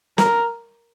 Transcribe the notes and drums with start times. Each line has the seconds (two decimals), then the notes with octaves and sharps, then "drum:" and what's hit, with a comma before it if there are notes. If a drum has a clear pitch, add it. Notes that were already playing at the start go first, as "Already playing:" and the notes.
0.18 A#4, drum: snare